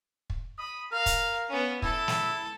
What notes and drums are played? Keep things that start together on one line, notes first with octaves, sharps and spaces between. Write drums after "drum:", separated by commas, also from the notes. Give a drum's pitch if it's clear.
drum: kick
B5 D#6
A#4 F5
drum: kick, hi-hat
B3 C#4
E4 A4, drum: kick
drum: snare